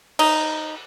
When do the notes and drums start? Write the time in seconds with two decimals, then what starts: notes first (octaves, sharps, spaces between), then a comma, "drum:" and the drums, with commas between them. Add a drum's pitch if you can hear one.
0.19 D#4, drum: cymbal